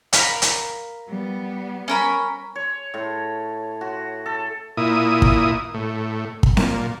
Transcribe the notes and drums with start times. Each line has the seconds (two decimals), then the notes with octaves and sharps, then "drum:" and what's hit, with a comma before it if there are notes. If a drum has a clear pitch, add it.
0.13 A#4 F5 B5, drum: hi-hat
0.42 drum: hi-hat
1.08 G3 B3
1.88 C#4 A#4 B5
2.55 C#5
2.94 A2
3.81 F#4
4.26 A4
4.77 A#2 E4 D#6
5.22 drum: kick
5.74 A2
6.43 drum: kick
6.57 A#2, drum: snare C4